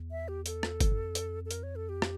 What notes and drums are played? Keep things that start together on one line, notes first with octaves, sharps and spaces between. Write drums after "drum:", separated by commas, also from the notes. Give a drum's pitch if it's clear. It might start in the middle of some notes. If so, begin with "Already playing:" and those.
Already playing: E2
E5
G4
A4, drum: hi-hat
drum: rim click
drum: kick G1, hi-hat
G2
F2
drum: hi-hat
A4
A#4, drum: hi-hat
C#5
A4
G4
drum: rim click